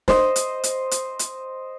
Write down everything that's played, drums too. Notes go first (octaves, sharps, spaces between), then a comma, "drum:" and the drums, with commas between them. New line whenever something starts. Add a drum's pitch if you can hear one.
C5 D#5, drum: snare
drum: hi-hat
drum: hi-hat
drum: hi-hat
drum: hi-hat